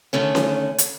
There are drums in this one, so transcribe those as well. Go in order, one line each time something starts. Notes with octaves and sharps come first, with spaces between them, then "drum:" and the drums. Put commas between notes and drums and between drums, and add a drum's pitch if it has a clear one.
D3 D#3 A3 C#4
drum: snare C#4
drum: hi-hat